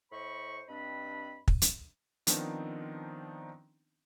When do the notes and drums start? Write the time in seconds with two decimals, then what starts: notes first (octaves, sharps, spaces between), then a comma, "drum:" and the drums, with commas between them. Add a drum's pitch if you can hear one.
0.11 A2 C5 D#5 B5 C#6
0.68 G2 C4 D4 D#5 B5
1.48 drum: kick
1.62 drum: hi-hat
2.27 D#3 F3 B3 C4 D4 D#4, drum: hi-hat